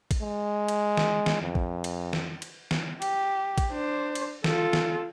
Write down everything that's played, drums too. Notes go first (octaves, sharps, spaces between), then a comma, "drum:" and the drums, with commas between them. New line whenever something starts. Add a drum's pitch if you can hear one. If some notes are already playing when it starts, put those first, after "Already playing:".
drum: kick, cymbal
G#3
drum: cymbal
drum: snare
drum: snare
F2
drum: kick
drum: cymbal
drum: snare
drum: cymbal
drum: snare
G4, drum: cymbal
drum: kick, cymbal
D4 C5
drum: cymbal
F4 A4, drum: snare
drum: snare